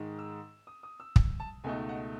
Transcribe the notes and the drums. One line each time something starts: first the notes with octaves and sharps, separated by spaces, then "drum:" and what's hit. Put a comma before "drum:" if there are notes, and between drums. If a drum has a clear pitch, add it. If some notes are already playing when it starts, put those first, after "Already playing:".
Already playing: G#2 D#3 G#3
E6
D#6
D#6
E6
drum: kick
A5
C#2 B2 A3 D#4 G#5
F#5